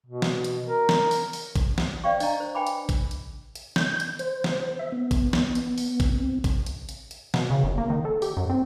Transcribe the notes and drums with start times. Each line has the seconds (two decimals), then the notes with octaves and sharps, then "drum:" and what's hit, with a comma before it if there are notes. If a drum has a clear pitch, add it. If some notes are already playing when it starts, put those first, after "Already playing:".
0.06 B2
0.22 drum: snare
0.44 drum: hi-hat
0.67 A#4
0.89 drum: snare
1.11 drum: open hi-hat
1.33 drum: open hi-hat
1.56 drum: kick, hi-hat
1.78 drum: snare
2.04 C5 D5 F5 G5 C#6
2.20 D4 D#5 A#5, drum: open hi-hat
2.40 C5
2.55 B4 G5 G#5 B5 D6
2.67 drum: hi-hat
2.89 drum: kick, hi-hat
3.11 drum: hi-hat
3.55 drum: hi-hat
3.76 G6, drum: snare
4.00 drum: hi-hat
4.19 C5, drum: hi-hat
4.44 drum: snare
4.79 E5
4.92 B3
5.11 drum: kick, hi-hat
5.33 drum: snare
5.55 drum: hi-hat
5.78 drum: open hi-hat
6.00 drum: kick, hi-hat
6.18 C4
6.44 drum: kick, hi-hat
6.66 drum: hi-hat
6.89 drum: hi-hat
7.11 drum: hi-hat
7.34 B2, drum: snare
7.50 C#3
7.64 F#1
7.78 A#3
7.90 D#3
8.05 A4
8.22 G4, drum: open hi-hat
8.37 F#2
8.49 C4